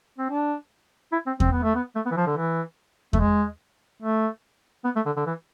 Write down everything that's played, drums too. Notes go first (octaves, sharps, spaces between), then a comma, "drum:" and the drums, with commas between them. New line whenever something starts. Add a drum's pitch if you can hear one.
C4
D4
E4
C4
C4, drum: kick E2
B3
A3
B3
A3
B3
E3
F3
D3
E3
A3, drum: kick E2
G#3
A3
B3
A3
D3
D3
E3